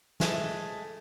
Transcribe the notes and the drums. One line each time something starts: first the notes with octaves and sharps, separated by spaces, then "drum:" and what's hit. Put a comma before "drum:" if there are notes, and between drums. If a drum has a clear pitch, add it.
G#3 A3, drum: snare